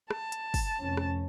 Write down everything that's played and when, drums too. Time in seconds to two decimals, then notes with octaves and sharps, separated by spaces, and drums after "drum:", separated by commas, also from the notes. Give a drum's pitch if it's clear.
0.11 A5, drum: rim click
0.32 drum: hi-hat
0.54 drum: kick, open hi-hat
0.80 F1 F2 C#4
0.97 drum: rim click